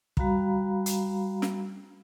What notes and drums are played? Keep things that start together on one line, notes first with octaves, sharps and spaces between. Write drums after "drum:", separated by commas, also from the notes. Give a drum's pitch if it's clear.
G3 F#4 F5 A#5 B5, drum: kick
drum: hi-hat
drum: snare